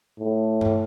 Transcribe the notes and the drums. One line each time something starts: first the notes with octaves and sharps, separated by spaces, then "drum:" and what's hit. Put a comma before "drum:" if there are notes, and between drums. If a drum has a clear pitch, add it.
A2
drum: tom G2